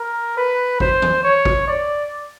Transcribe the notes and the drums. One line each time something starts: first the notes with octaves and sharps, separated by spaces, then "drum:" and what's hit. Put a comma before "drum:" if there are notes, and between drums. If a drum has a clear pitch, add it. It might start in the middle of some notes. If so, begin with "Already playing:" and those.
Already playing: A#4
B4
C5, drum: kick G#1
drum: tom D#3
C#5
drum: kick G#1
D5